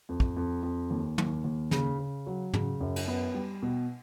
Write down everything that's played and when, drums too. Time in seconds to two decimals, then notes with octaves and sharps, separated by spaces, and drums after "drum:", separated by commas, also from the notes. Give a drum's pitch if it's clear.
0.09 F2
0.20 drum: kick
0.37 F2
0.63 F2
0.90 D#2
1.18 D#2, drum: tom
1.44 D#2
1.71 C#3, drum: snare
1.98 C#3
2.26 F#3
2.53 C#3, drum: tom
2.80 F#2
2.96 drum: cymbal
3.07 B3
3.34 G3
3.62 B2